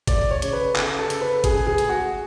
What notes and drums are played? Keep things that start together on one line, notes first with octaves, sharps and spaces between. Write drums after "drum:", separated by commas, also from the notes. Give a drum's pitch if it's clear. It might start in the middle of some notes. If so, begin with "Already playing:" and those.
A3 D5, drum: kick G1, hi-hat
C#5
C#3, drum: hi-hat
B4
C#3 A4, drum: clap
A4
C#3, drum: hi-hat
B4
C#2 G#4, drum: kick G1, hi-hat
G#4
A3, drum: hi-hat
F#4